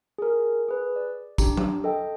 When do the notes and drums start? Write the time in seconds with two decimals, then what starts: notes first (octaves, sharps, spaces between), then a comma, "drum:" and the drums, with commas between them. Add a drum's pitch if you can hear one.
0.18 G#4 A#4
0.68 G#4 B4
0.96 D5
1.38 D4 G4 A#5, drum: kick, tambourine
1.57 drum: tom F#3
1.84 A4 D#5 G5